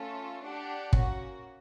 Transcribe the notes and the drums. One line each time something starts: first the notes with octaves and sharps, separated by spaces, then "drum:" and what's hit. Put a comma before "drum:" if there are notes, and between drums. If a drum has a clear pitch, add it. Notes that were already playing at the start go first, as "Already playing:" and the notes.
Already playing: A3 C#4 F4 A4
D4 G4 F#5
A#3 C#4 F#4, drum: kick